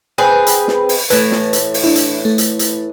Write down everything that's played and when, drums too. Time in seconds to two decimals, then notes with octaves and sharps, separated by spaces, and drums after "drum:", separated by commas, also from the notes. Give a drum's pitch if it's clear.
0.18 C4 G#4 B4 G5 B5
0.46 drum: hi-hat
0.68 drum: snare
0.89 drum: open hi-hat
1.10 A2 E3 A3 B4, drum: hi-hat
1.32 drum: snare
1.53 drum: hi-hat
1.74 drum: open hi-hat
1.84 D4 E4
1.95 drum: hi-hat
2.25 A3
2.38 drum: hi-hat
2.59 drum: hi-hat